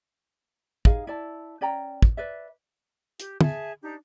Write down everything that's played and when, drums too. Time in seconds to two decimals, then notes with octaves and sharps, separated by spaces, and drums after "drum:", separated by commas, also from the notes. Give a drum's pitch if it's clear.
0.85 D#4 G#4 F5, drum: kick
1.07 E4 D5 A5
1.61 C#4 D5 G5 A#5
2.02 drum: kick
2.17 B4 D5 E5
3.20 G4, drum: hi-hat
3.41 G#4 E5 A5, drum: tom
3.82 D4 D#4 G4 A#5